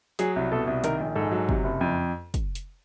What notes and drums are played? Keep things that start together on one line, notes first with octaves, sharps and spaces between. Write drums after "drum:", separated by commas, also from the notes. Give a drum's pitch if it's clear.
F#3 G#4, drum: hi-hat
C2
B2 A4
C2
D#3 A#4, drum: hi-hat
A#1
G#2 A4
F#3
C3, drum: kick
F#1
F2
drum: kick, hi-hat
drum: hi-hat